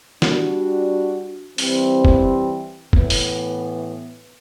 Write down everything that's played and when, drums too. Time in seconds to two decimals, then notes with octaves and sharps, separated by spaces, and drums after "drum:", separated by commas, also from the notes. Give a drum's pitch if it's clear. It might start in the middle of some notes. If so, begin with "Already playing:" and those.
0.22 G3 D4 F#4, drum: snare
1.58 E3 G3 C4, drum: open hi-hat
2.05 drum: kick
2.93 A2 E3 B3, drum: kick
3.10 drum: open hi-hat